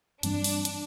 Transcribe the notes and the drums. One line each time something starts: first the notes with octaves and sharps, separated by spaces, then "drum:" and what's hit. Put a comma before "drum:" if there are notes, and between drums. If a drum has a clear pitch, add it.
G2 E3 G3 C4 D4, drum: hi-hat
drum: open hi-hat
drum: hi-hat